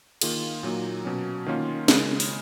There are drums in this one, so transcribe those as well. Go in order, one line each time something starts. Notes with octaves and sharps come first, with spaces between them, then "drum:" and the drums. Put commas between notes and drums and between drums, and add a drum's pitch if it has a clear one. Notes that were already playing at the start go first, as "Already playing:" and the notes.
D#3 A#3 F4 G#4, drum: cymbal
A#2 F#3 A#3 D#4
B2 F#3 C#4
D#3 A#3 C#4 F4
C#3 G#3 C#4 G#4, drum: snare
drum: open hi-hat